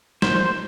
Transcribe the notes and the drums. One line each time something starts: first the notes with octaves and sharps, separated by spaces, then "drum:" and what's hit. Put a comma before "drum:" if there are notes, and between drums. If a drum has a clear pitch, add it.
C5, drum: snare